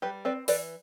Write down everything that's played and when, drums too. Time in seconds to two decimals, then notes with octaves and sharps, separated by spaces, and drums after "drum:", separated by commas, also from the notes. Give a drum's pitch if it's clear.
0.02 G3 G4 B4
0.25 C4 B4 D5
0.48 E3 B4 D5, drum: open hi-hat